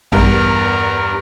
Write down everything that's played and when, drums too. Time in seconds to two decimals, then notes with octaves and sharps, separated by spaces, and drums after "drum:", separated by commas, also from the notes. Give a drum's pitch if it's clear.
0.12 E2 G2 A#4, drum: kick A#1